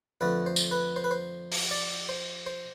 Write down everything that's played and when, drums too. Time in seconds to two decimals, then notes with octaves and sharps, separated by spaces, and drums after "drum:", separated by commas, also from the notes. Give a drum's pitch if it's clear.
0.21 F2 D3 A3 B4
0.46 C5
0.56 drum: tambourine
0.71 B4
0.96 C5
1.04 B4
1.11 C5
1.52 drum: open hi-hat
1.71 D5
2.09 C5
2.46 C5